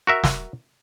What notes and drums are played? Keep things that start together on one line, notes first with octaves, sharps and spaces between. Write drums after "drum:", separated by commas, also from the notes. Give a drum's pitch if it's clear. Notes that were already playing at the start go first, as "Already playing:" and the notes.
F#4 A#4 E5
drum: snare